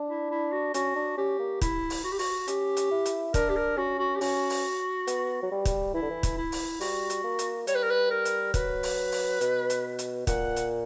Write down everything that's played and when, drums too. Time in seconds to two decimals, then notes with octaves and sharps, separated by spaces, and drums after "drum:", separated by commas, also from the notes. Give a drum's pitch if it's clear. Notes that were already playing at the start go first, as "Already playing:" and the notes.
Already playing: D4
0.09 E4
0.31 E4
0.53 F#4
0.74 C#4 F#4, drum: hi-hat
0.96 D4
1.17 C#4 G4
1.39 A#3
1.62 E4, drum: kick, hi-hat
1.90 drum: open hi-hat
2.05 F#4
2.12 G4
2.19 F#4, drum: open hi-hat
2.48 C#4 G4, drum: hi-hat
2.77 drum: hi-hat
2.91 E4
3.06 drum: hi-hat
3.34 D4 A#4, drum: kick, hi-hat
3.49 G4
3.56 A#4
3.77 C#4 F#4
3.99 F#4
4.16 G4
4.21 C#4 F#4, drum: open hi-hat
4.50 drum: open hi-hat
5.07 B3, drum: hi-hat
5.43 F#3
5.52 G3
5.65 drum: kick, hi-hat
5.94 E3 E4
6.02 D3
6.11 E3
6.23 drum: kick, hi-hat
6.38 E4
6.52 drum: open hi-hat
6.81 G3 F#4, drum: open hi-hat
7.10 drum: hi-hat
7.24 A#3
7.39 drum: hi-hat
7.67 G3 C#5, drum: hi-hat
7.75 B4
7.83 A#4
7.91 B4
8.11 A#4
8.25 drum: hi-hat
8.54 F#3 B4, drum: kick, hi-hat
8.83 drum: open hi-hat
9.12 drum: open hi-hat
9.41 B2, drum: hi-hat
9.70 drum: hi-hat
9.99 drum: hi-hat
10.27 A#2 F#5, drum: kick, hi-hat
10.56 drum: hi-hat